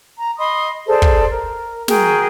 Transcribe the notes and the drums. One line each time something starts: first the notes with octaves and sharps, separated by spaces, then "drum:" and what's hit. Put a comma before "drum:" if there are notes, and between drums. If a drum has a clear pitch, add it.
A#5
D#5 B5 C6 D#6
G#4 A4 C5 D5
drum: kick
A#4
F#4 G#4 A#4 G5, drum: snare